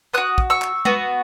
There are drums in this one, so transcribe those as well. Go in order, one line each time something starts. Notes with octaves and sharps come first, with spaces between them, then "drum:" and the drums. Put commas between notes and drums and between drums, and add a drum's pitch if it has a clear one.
B3 F#4 D#6 F#6
drum: kick
C#6 E6
drum: clap
B3 F#4, drum: tom G#3